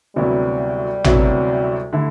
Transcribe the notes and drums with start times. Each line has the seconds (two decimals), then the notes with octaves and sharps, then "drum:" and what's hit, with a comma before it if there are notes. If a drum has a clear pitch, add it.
0.16 D2 C3 F#3 G3 B3 E4
1.04 D2 C3 F#3 B3 E4, drum: tom A1
1.93 D3 A3 E4